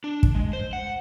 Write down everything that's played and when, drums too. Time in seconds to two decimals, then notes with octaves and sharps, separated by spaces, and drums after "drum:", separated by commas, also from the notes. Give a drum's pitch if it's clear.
0.04 D4
0.23 drum: kick
0.35 G#3
0.53 C5
0.73 F#5